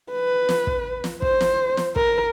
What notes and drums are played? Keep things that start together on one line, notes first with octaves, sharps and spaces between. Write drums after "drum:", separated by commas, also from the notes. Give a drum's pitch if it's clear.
B4
drum: snare
drum: kick
drum: snare
C5, drum: kick
drum: snare
drum: snare
A#4, drum: kick